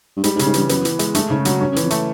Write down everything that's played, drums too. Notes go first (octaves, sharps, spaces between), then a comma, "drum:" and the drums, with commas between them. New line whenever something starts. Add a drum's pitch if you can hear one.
G2
G#2 G3, drum: hi-hat
G#2
C#3, drum: hi-hat
G#2
G2 E3, drum: hi-hat
F#2 B3, drum: hi-hat
E3, drum: hi-hat
G#3, drum: hi-hat
G2 A3, drum: hi-hat
G#2 C#3
G2 F#3, drum: hi-hat
G2 C#4
F#2
E3, drum: hi-hat
F2
A3, drum: hi-hat